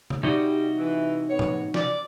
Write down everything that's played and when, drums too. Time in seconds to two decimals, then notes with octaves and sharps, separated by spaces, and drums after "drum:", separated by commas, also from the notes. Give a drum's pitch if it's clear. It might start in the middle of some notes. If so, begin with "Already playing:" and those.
0.10 drum: tom C3
0.23 C3 G3 D#4 F#4
0.78 E3
1.28 G#2 B3 C#5
1.39 drum: tom
1.74 D5, drum: snare